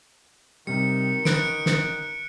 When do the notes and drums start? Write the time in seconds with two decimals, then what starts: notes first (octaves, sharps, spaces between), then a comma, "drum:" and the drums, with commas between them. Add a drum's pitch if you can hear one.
0.67 C3 D#3 G3 C#7
1.25 B4 F#6 C#7 D7, drum: snare
1.66 drum: snare